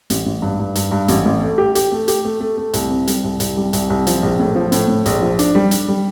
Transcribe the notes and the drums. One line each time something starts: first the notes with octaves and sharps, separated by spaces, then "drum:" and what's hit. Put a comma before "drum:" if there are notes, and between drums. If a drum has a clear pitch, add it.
A1, drum: hi-hat
A1
G2
G2
G2, drum: hi-hat
G2
A1, drum: hi-hat
A1
A3
G4
G4, drum: hi-hat
A3
G4, drum: hi-hat
A3
A3
A3
C2, drum: hi-hat
C3
G3, drum: hi-hat
C2
C2, drum: hi-hat
G3
C2, drum: hi-hat
C2
F3, drum: hi-hat
A#1
A2
F3
A2, drum: hi-hat
A2
A#1, drum: hi-hat
F3
D4, drum: hi-hat
G3
D4, drum: hi-hat
G3